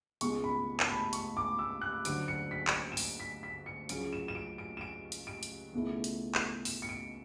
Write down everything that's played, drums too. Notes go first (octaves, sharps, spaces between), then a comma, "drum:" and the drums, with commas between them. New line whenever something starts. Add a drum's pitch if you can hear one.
C#2 B2 G#3 C#6, drum: hi-hat
B5
A5, drum: clap
B5
C#6, drum: hi-hat
D6
E6
F#6
D2 D3 F#3 D7, drum: hi-hat
C#7
B6
C#7, drum: clap
D7
E7
D7, drum: open hi-hat
B6
B6
C#7
C#2 C#3 F#3 C#4 D7, drum: hi-hat
E7
E7
D7
D7
E7
D7
drum: hi-hat
D7
drum: hi-hat
C#2 B2 A3 E4
drum: hi-hat
drum: clap
E7, drum: open hi-hat
C#7
D7